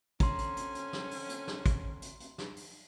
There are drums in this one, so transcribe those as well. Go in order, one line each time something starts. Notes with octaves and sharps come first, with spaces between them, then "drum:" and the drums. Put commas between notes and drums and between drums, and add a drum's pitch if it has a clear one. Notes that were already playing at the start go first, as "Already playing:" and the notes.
D3 C4 C#4 A#5 C6, drum: kick, hi-hat
drum: hi-hat
drum: hi-hat
drum: hi-hat
drum: snare
drum: open hi-hat
drum: hi-hat
drum: snare
drum: kick, hi-hat
drum: hi-hat
drum: hi-hat
drum: snare
drum: open hi-hat